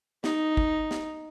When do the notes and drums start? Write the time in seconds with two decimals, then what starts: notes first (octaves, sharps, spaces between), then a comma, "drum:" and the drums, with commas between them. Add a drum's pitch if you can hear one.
0.24 D#4, drum: snare
0.57 drum: kick
0.91 drum: snare